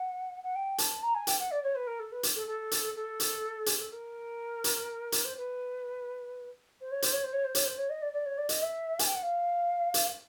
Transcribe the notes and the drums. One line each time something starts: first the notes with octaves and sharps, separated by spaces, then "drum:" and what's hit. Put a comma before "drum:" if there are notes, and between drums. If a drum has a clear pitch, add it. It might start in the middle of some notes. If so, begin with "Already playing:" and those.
Already playing: F#5
F#5
G5
A5, drum: hi-hat
A#5
G#5
G5, drum: hi-hat
F#5
D5
C#5
B4
A#4
A4
B4
drum: hi-hat
A4
A4
drum: hi-hat
A4
drum: hi-hat
G#4, drum: hi-hat
A4
A#4
drum: hi-hat
drum: hi-hat
C5
B4
C5
C#5
C5, drum: hi-hat
C#5
C5
C#5
C5
C#5, drum: hi-hat
C5
C#5
D#5
D5
D5
C#5
D5
D#5, drum: hi-hat
E5
G#5, drum: hi-hat
G5
F#5
F5
drum: hi-hat